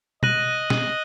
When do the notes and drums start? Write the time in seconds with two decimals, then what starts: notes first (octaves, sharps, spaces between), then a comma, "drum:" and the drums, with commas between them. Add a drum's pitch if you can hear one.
0.23 D#5 F#6 A#6 D#7 F#7, drum: tom B2
0.70 drum: snare